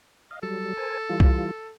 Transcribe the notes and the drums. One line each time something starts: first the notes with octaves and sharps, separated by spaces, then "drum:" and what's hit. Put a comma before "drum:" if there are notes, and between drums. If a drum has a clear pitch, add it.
D#5 F5
F#3 G3 A4
A#4 C5 G#5
E3 G3 F4
drum: kick C2